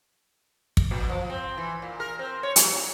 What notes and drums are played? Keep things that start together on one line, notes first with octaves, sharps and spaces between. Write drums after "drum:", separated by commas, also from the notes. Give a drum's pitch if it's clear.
drum: kick
A#2
F3
C4
E3
A#2
A#4
C4
C#5
F#3, drum: hi-hat